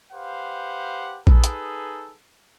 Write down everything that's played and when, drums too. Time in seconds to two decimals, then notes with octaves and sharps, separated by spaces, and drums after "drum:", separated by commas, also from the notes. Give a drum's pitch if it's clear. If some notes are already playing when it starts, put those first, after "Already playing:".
0.13 G4 B4 C5 F5 F#5
1.27 D#4 G#4 A4 B4, drum: kick A#1
1.44 drum: hi-hat